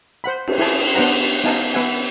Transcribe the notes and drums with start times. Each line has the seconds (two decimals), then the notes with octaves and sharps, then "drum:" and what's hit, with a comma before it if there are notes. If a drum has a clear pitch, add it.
0.24 C5 F#5 B5
0.48 drum: cymbal
0.58 E4 G#4 G#5 A5
0.95 B3 D4 C5 F#5 A#5
1.44 B3 D#4 F5 G#5 A5
1.74 B3 B4 E5 F#5 G#5